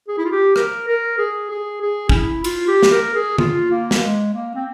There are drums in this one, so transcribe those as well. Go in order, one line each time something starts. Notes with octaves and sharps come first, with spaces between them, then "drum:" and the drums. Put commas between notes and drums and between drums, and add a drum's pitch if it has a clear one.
G#4
E4
F4
G4
A#4, drum: rim click
A#4
G#4
G#4
G#4
C#4, drum: kick
E4
F4, drum: cymbal
G4
drum: snare
A#4
G#4
F4, drum: tom D3
A#3
drum: snare
G#3
A#3
C4